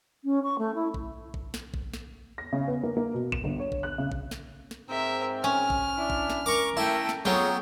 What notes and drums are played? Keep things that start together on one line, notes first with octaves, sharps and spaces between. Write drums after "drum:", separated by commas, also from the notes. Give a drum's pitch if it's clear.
C#4
C#6
A3
E4
drum: kick A1
drum: kick A1
drum: snare
drum: kick A1
drum: snare
A#6
C#3
B3
A#3
A#3
B2
E7, drum: kick A1
G1
C#5
drum: kick A1
F#6
C#3
drum: kick A1
drum: snare
drum: snare
G#2 C4 A#4 E5
C#4 F6
drum: kick A1
D4 E4
drum: kick A1
drum: snare
A#4 C#6 D6
A3 E4 G5
drum: snare
F#3 A3 B3 F4 G#4 C#5 G5 A#5